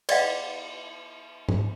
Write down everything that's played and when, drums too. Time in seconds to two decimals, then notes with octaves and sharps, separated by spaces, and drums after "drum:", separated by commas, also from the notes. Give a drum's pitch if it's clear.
0.09 D5 D#5 F5 F#5, drum: cymbal
1.49 drum: tom G#2